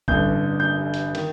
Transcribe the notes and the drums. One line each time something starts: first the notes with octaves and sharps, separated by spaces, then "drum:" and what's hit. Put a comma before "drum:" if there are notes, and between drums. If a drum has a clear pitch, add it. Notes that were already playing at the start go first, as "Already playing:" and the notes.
A1 G2 D3 G6, drum: kick A1
G6
drum: hi-hat
D#3, drum: cymbal